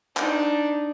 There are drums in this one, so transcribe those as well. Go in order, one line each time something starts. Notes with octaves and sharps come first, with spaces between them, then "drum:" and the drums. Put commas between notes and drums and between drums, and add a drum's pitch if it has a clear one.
D4 D#4, drum: clap